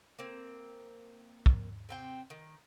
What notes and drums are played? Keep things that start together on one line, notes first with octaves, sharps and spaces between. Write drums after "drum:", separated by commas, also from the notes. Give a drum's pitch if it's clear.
A#3 C4
drum: kick
C3 C4 G5
D#3